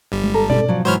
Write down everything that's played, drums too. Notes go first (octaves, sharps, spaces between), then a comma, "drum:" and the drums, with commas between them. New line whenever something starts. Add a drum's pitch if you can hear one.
G1 G3
drum: tom G#3
A4 A#5
D5, drum: tom
F3 F#3
G#2 E3 F#3 C5 C#5 B5 F6